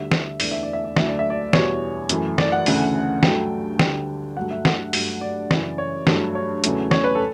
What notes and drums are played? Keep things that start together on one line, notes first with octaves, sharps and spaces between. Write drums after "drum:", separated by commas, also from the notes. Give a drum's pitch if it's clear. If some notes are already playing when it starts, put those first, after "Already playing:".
Already playing: D2 D3 G3 E5
drum: snare
E2 D3 A3 D5, drum: open hi-hat
E5
D5
E5
D5
D2 D3 F#3 A3 E5, drum: snare
D5
E5
D5
E2 B2 G3 C#5, drum: snare
F#2 E3 A3, drum: hi-hat
D5, drum: snare
F#5
D2 C#3 E3 A3, drum: open hi-hat
G2 F#3 A3 G5, drum: snare
D2 D3 G3 G5, drum: snare
G2 F#3 A3 F#5
E5
F#5, drum: snare
G2 F#3 A3, drum: open hi-hat
D5
F#2 C#3 E3, drum: snare
C#5
G2 F#3 A3, drum: snare
C#5
E2 C#3 F#3 A3, drum: hi-hat
C#5, drum: snare
B4
A4